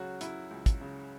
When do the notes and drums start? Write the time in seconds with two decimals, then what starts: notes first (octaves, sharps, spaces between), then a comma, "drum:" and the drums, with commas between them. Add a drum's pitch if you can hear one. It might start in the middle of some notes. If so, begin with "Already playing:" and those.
Already playing: C#2 C#3 F#3 F#4
0.21 F#3 E4, drum: hi-hat
0.51 C#2
0.66 drum: kick, hi-hat
0.81 C#3